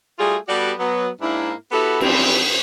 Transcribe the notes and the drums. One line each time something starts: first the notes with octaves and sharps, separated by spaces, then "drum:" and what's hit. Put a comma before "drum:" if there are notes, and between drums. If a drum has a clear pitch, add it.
G3 A3 F4 F#4 G#4
G3 B3 F#4 G4 A4 D5
F#3 B3
G#2 A#3 D4 E4
B3 E4 F#4 G4 A4
E3 F3 G3 C4, drum: cymbal